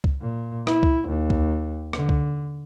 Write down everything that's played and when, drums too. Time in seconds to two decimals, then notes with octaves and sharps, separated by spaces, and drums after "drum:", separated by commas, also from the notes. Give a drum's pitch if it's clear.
0.04 drum: kick C#2
0.21 A#2
0.67 E4, drum: rim click
0.83 drum: kick C#2
1.08 D#2
1.30 drum: kick C#2
1.93 D3, drum: rim click
2.09 drum: kick C#2